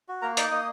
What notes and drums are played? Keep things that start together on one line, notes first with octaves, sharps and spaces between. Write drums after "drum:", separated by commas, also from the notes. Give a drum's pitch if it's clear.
F#4
A#3 A#4 A#5
D#4 D5 D6, drum: hi-hat
A#3 D#5 D#6